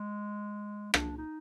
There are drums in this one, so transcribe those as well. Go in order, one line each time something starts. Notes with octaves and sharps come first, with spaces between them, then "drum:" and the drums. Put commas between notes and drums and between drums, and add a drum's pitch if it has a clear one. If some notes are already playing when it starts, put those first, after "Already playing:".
Already playing: G#3
D4, drum: rim click
D#4